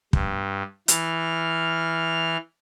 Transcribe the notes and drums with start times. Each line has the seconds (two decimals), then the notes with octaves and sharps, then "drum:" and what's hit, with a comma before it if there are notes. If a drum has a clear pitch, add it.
0.13 G2, drum: kick
0.88 E3 F6, drum: hi-hat